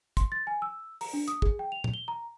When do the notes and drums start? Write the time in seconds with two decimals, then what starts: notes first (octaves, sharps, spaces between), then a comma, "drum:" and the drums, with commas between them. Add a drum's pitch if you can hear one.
0.17 C6, drum: kick, hi-hat
0.32 A6
0.47 G#5
0.62 E6
1.01 A#5, drum: open hi-hat
1.13 D4
1.28 D#6, drum: hi-hat
1.42 G#4, drum: kick
1.59 G5
1.72 F7
1.84 drum: tom
1.94 G7
2.08 A#5